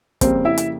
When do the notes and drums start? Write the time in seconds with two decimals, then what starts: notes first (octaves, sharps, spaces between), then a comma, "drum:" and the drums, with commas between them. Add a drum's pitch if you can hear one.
0.21 F2 C#3 G3 A#3 C4 C5, drum: kick, hi-hat
0.45 E4 E5
0.58 drum: hi-hat